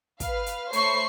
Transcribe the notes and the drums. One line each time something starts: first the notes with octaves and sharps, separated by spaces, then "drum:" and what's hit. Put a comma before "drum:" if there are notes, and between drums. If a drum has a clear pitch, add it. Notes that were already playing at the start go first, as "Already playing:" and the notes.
B4 F5, drum: kick, hi-hat
drum: hi-hat
A3 C5 C#5 B5 C#6 C7, drum: hi-hat